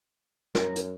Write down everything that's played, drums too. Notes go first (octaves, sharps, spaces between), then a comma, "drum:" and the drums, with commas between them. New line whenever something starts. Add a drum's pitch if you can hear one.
F#2 A#4, drum: snare
drum: hi-hat